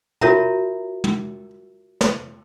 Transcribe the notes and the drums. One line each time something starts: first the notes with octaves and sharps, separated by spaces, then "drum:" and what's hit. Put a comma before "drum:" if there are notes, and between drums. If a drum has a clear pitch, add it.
F4 F#4 A#4 C#5 E5 A#5, drum: tom
drum: tom
drum: snare